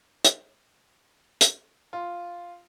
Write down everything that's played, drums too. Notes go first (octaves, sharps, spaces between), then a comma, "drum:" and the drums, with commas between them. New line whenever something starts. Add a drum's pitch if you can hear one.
drum: hi-hat
drum: hi-hat
F4